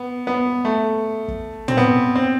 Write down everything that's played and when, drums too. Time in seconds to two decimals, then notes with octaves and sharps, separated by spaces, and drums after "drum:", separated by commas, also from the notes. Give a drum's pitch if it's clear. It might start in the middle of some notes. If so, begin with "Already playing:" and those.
Already playing: B3
0.27 B3
0.65 A3
1.28 drum: kick
1.68 C4, drum: tom
1.77 B3
2.15 C4